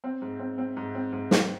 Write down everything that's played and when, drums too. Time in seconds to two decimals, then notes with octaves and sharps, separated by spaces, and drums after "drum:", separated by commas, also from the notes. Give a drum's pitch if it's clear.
0.04 C4
0.22 G#2
0.40 C4
0.58 C4
0.77 G#2
0.95 C4
1.13 G#2
1.31 D#3, drum: snare